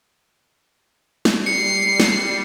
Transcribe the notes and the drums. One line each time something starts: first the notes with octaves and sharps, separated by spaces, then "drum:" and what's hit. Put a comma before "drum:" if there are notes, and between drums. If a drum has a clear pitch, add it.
drum: snare
G3 C7 C#7
drum: snare